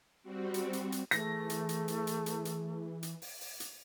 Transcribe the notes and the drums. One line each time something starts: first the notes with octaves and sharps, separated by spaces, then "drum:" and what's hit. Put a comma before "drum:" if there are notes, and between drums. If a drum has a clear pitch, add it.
G3 C4 F#4
drum: hi-hat
drum: hi-hat
drum: hi-hat
E3 A3 G#4 A#6, drum: hi-hat
drum: hi-hat
drum: hi-hat
drum: hi-hat
drum: hi-hat
drum: hi-hat
drum: hi-hat
drum: hi-hat
drum: open hi-hat
drum: open hi-hat
drum: hi-hat